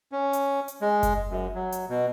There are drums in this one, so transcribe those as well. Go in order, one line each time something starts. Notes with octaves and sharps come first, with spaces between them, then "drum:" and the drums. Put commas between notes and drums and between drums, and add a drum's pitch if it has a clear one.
C#4
drum: hi-hat
drum: hi-hat
G#3
drum: kick F#1, hi-hat
F#2
F#3
drum: hi-hat
B2